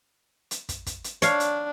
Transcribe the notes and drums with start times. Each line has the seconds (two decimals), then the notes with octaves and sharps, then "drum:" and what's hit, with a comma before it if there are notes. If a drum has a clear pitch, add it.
0.51 drum: hi-hat
0.69 drum: kick, hi-hat
0.86 drum: kick, hi-hat
1.04 drum: hi-hat
1.22 D4 C#5 F5, drum: hi-hat
1.40 drum: hi-hat